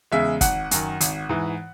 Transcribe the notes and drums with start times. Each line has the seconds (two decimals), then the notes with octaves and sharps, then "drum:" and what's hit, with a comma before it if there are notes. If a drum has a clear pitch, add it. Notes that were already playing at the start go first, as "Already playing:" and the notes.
0.12 E2 C#3 G#3 E5
0.41 G#1 F#5, drum: kick, hi-hat
0.71 F#2 D#3, drum: hi-hat
1.01 G#1, drum: hi-hat
1.29 G#2 E3